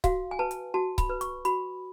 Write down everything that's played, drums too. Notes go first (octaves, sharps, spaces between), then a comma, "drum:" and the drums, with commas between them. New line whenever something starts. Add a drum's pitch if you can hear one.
F#4 F5, drum: kick C#1, hi-hat
G#5
B4 A5
drum: hi-hat
F#4 A5
B5, drum: kick C#1, hi-hat
B4
C#6, drum: hi-hat
F#4 B5, drum: hi-hat